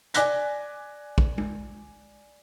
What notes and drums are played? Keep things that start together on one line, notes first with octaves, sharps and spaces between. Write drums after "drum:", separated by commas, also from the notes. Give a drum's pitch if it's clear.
D5 G#5 D6 F#6 A#6 B6, drum: hi-hat
drum: kick
drum: tom